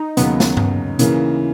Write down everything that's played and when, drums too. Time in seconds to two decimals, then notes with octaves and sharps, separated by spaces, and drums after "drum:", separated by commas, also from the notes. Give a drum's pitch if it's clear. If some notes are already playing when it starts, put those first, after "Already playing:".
Already playing: D#4
0.17 D#2 C#3 F#3 B3, drum: hi-hat
0.40 drum: snare
0.57 drum: tom G2
0.99 C#3 E3 A#3, drum: hi-hat